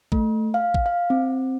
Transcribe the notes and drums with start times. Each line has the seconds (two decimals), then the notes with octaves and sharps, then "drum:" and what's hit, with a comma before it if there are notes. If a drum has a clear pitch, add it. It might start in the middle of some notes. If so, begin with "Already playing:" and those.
0.12 A3, drum: kick A1
0.54 F5
0.74 drum: kick A1
0.86 F5
1.10 C4